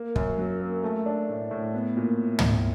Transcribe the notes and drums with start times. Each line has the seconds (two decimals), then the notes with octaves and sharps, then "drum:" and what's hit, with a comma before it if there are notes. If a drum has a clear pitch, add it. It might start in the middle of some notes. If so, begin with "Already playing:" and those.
Already playing: A#3
0.16 F#2, drum: kick
0.38 F#3
0.61 A#3
0.84 A3
1.06 D4
1.29 A2
1.51 A2
1.74 B3
1.97 A#2
2.39 drum: tom